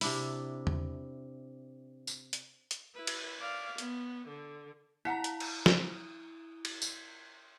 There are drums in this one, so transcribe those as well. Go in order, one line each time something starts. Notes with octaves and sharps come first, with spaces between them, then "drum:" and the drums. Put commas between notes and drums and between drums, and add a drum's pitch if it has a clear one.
C3 D4 E4, drum: open hi-hat
drum: tom E2
drum: tambourine
drum: hi-hat
drum: hi-hat
E4 B4
drum: cymbal
D5 F5
B3, drum: hi-hat
D3
E4 F5 F#5 A5 A#5 B6
drum: hi-hat
drum: cymbal
drum: snare
drum: cymbal
drum: tambourine